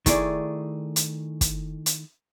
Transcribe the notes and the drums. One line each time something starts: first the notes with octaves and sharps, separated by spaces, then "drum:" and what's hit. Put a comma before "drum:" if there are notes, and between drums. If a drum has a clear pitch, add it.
D#3 A3 E4 G#4 D5, drum: kick, hi-hat
drum: hi-hat
drum: kick, hi-hat
drum: hi-hat